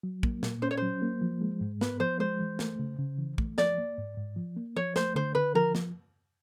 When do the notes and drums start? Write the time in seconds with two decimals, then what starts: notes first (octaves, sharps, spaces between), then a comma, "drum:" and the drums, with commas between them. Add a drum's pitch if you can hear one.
0.03 F#3
0.23 A#3, drum: kick
0.43 A#2, drum: snare
0.62 C#4 C5
0.71 C#5
0.77 F#3 C5
1.02 A#3
1.22 F3
1.42 G#3
1.61 G#2
1.81 B3 B4, drum: snare
2.00 F3 C5
2.20 G#3 C5
2.40 E3
2.59 A3, drum: snare
2.79 C#3
2.99 C#3
3.18 E3
3.38 A3, drum: kick
3.58 F3 D5, drum: snare
3.78 A#3
3.98 G#2
4.17 G#2
4.36 F3
4.57 A#3
4.76 F3 C#5
4.96 A3 C5, drum: snare
5.16 D3 C5
5.35 D3 B4
5.55 F3 A#4
5.75 drum: snare